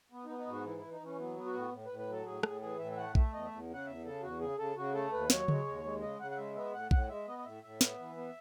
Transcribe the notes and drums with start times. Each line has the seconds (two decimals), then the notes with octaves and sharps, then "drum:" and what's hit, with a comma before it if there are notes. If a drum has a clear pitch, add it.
0.12 B3
0.25 B3 D#4
0.38 D#4
0.47 G#2 F#4
0.64 E3 E4
0.78 E3 E4
0.91 D#4
1.00 E3 C#4
1.19 F#3 B3
1.37 B3
1.45 F#4
1.54 A2
1.72 A2
1.86 B4
1.90 A2
1.99 B4
2.08 F#3 A4
2.26 A2 G#4
2.43 A2 G#4, drum: rim click
2.61 E3 G#4
2.79 A2 E5
2.92 E5
2.97 A3 F#5
3.15 A3 E5, drum: kick B1
3.33 E2 D#5
3.46 E2 E5
3.70 C#3 F#5
3.86 E2 E5
4.04 C#3 A4
4.22 E2 F#4
4.40 C#3 G#4
4.58 C#3 A4
4.76 C#3 F#4
4.94 A3 A4
5.12 D#2 B4
5.30 F#3 C#5, drum: snare
5.48 G#3, drum: tom C#3
5.67 D#2
5.84 G#3
6.01 C#3 D#5
6.20 C#3 F#5
6.31 F#5
6.37 G#3 E5
6.56 B3 E5
6.73 A2 F#5
6.91 A2 F#5, drum: kick B1
7.09 G#3 E5
7.27 B3 D#5
7.38 D#5
7.45 A2 E5
7.63 A2 E5
7.81 B3, drum: snare
7.99 E3
8.16 B3